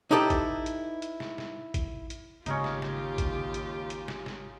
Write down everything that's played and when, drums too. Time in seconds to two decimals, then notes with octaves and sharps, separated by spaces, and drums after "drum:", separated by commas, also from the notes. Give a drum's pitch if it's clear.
0.11 D#4 E4 G4 A4 B4
0.30 drum: kick A1, hi-hat
0.66 drum: hi-hat
1.02 drum: hi-hat
1.20 drum: snare
1.38 drum: snare
1.74 drum: kick A1, hi-hat
2.10 drum: hi-hat
2.46 G#1 D#2 C#3 C#4 D#4 F4 G4 F6, drum: hi-hat
2.64 drum: snare
2.82 drum: snare
3.18 drum: kick A1, hi-hat
3.54 drum: hi-hat
3.90 drum: hi-hat
4.08 drum: snare
4.26 drum: snare